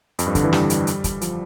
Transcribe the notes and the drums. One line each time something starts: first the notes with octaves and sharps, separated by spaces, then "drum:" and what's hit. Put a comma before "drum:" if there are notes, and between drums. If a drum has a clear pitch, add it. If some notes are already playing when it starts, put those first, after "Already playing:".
F2, drum: hi-hat
G2
D3, drum: kick, hi-hat
E3
G3, drum: snare
drum: hi-hat
drum: hi-hat
drum: kick, hi-hat
F3, drum: hi-hat